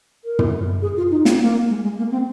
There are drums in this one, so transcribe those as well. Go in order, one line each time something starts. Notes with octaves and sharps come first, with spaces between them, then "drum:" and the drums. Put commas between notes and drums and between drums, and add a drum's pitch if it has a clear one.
A#4
drum: tom
G#4
F4
D#4
C4, drum: snare
A#3
G#3
G#3
A#3
C4